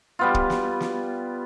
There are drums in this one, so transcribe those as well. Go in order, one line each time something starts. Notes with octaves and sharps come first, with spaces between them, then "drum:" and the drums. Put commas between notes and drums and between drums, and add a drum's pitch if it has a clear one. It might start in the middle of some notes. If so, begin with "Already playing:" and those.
G3 B3 F4
drum: kick
drum: snare
drum: snare